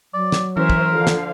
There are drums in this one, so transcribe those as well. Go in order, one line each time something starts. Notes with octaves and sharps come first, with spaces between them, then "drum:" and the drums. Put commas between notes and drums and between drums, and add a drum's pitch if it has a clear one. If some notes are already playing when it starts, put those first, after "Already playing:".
F#3 D5
drum: snare
E3 C#4 A#4 C5 E5
drum: kick
D3 F3 F5
drum: snare